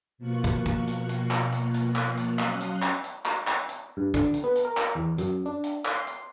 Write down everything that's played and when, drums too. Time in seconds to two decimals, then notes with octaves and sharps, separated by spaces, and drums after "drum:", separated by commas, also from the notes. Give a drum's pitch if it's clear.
0.18 B2 F3 A#3 F4 C#6 F#6
0.44 drum: kick, hi-hat
0.66 drum: kick, hi-hat
0.88 drum: hi-hat
1.09 drum: hi-hat
1.31 drum: clap
1.52 drum: hi-hat
1.74 drum: hi-hat
1.96 drum: clap
2.17 drum: hi-hat
2.39 F#3 C#4 F5 C6 D#6 F#6, drum: clap
2.61 drum: hi-hat
2.82 drum: clap
3.04 drum: hi-hat
3.26 drum: clap
3.47 drum: clap
3.69 drum: hi-hat
3.97 G2
4.14 D3, drum: kick, hi-hat
4.34 drum: hi-hat
4.44 B3
4.55 drum: hi-hat
4.65 A#4
4.77 drum: clap
4.95 E2
5.18 F#2, drum: hi-hat
5.46 D4
5.64 drum: hi-hat
5.85 drum: clap
5.95 C6
6.07 drum: hi-hat